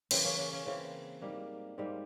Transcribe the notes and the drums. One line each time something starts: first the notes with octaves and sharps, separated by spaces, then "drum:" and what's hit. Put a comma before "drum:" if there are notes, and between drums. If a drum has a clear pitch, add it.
C#3 E3 A#3 C4, drum: cymbal
A#3 C#4
A#3 C#4
A#3 C#4
C#3 E3 A#3 C4
G#2 G3 A#3
G#2 G3 A#3 C4